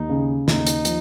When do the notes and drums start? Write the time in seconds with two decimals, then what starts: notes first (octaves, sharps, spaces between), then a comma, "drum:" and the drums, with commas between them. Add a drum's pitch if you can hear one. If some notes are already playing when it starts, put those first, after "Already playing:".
Already playing: D#2 D#4
0.09 C#3
0.48 D#2 D#4, drum: snare
0.67 drum: hi-hat
0.85 F3, drum: hi-hat